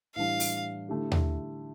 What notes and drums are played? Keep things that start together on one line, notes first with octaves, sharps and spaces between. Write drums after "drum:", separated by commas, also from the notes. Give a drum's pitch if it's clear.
A2 E3 G3 D4 F5
drum: open hi-hat
D3 A3 E4 G4
drum: tom D#2